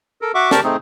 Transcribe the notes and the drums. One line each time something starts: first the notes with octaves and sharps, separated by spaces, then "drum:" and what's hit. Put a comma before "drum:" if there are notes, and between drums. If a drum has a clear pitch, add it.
A4 A#4
F#4 E5 F#5 C#6 D6
G4 A#4 D5 A5 C#6, drum: snare
A3 C4 D#4 G#4